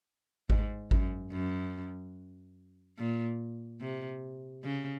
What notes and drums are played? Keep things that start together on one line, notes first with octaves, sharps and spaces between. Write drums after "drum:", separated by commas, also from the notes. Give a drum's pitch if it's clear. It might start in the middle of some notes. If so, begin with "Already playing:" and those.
G#2, drum: kick G#1
F#2, drum: kick G#1
F#2
A#2
C3
C#3